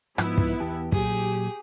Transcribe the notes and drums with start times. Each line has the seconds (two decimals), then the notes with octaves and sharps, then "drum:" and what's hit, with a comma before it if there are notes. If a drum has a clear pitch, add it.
0.18 G#2 F3 B3 D#4 E4, drum: rim click
0.38 drum: kick
0.60 E2 G4 A5
0.92 A#2 F#3 G4 G#4, drum: kick